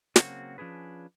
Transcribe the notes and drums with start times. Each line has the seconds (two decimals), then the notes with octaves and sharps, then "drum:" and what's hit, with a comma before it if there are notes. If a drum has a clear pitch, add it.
0.16 C#3 F#3 A#3 C4 F4 F#4, drum: snare
0.58 F3 C#4 D4 G#4 B4